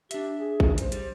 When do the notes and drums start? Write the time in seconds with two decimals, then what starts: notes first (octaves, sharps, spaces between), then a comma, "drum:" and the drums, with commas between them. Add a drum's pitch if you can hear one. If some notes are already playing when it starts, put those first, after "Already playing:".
0.11 D4 G4 E5, drum: hi-hat
0.38 G#4
0.60 drum: kick A1
0.78 C5, drum: hi-hat
0.92 G3, drum: hi-hat